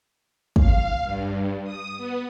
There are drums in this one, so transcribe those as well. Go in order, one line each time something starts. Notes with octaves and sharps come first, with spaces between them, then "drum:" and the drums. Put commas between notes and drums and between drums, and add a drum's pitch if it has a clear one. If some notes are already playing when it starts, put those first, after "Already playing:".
F5, drum: kick
G2
D#6
B3